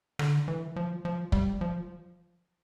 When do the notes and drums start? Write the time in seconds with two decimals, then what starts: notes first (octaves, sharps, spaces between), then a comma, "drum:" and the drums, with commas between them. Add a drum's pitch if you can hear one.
0.19 D3, drum: rim click
0.48 E3
0.76 F3
1.05 F3
1.32 G3, drum: kick
1.61 F3